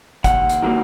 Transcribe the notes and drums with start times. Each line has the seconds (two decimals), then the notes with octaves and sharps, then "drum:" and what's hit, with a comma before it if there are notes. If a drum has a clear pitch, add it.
0.24 D#2 F#5, drum: kick, hi-hat
0.49 drum: hi-hat
0.62 D#3 F#3 A#3